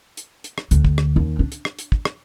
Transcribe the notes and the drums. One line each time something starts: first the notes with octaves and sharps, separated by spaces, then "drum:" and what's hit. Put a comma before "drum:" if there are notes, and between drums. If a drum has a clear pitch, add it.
drum: hi-hat
drum: hi-hat
drum: rim click
D2, drum: hi-hat
drum: kick
drum: rim click
D#2
D4
drum: hi-hat
drum: rim click
drum: hi-hat
drum: kick
drum: rim click